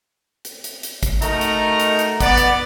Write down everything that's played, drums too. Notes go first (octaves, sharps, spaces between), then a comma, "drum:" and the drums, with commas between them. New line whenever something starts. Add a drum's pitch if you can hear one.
drum: hi-hat
drum: hi-hat
drum: hi-hat
drum: kick, hi-hat
A3 D#4 F#4 A#4 A#5, drum: hi-hat
drum: hi-hat
drum: hi-hat
drum: hi-hat
B3 D5, drum: kick, hi-hat
drum: hi-hat